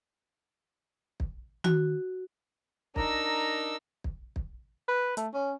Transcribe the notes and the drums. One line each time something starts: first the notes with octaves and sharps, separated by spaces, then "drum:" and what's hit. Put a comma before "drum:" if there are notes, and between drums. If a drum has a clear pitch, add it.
drum: kick
F#4, drum: tom D#3
D4 D#4 A#4 A#5 E6, drum: kick
drum: kick
drum: kick
B4
A3, drum: hi-hat
C#4